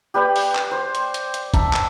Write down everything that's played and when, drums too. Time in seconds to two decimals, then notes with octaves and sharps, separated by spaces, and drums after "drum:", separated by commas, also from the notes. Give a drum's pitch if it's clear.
0.14 G4 B4 D5 G5
0.36 drum: open hi-hat
0.55 drum: clap
0.71 C5
0.95 drum: hi-hat
1.14 drum: hi-hat
1.34 drum: hi-hat
1.54 E5 A5 A#5, drum: kick, hi-hat
1.73 drum: clap